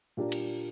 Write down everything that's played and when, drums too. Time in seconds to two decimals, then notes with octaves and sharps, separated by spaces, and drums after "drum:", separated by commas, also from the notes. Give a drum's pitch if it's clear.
0.17 A#2 A#3 D4 G4
0.32 drum: cymbal